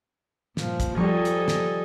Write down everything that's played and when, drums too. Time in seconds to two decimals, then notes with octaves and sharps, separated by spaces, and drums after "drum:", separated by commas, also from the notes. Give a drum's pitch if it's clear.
0.57 G2 A#2 F3, drum: snare
0.80 drum: kick, hi-hat
0.98 F3 G3 D#4 A4 D#5 G#5 C#6
1.25 drum: hi-hat
1.48 drum: snare